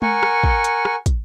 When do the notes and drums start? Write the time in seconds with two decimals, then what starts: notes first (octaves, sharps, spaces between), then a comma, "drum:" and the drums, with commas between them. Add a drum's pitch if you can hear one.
0.02 A#4 F#5 G#5 C#6, drum: tom G#3
0.23 drum: rim click
0.44 drum: kick
0.64 drum: hi-hat
0.85 drum: rim click
1.06 drum: kick, hi-hat